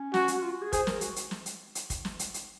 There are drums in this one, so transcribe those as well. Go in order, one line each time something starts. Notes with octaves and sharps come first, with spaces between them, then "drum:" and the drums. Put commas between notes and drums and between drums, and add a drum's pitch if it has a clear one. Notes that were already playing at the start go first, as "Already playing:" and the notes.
Already playing: C#4
F#4, drum: snare
drum: hi-hat
F#4
F4
F#4
G#4
G#4 C5, drum: kick, hi-hat
A#4, drum: snare
F#4, drum: hi-hat
drum: hi-hat
drum: snare
drum: hi-hat
drum: hi-hat
drum: kick, hi-hat
drum: snare
drum: hi-hat
drum: hi-hat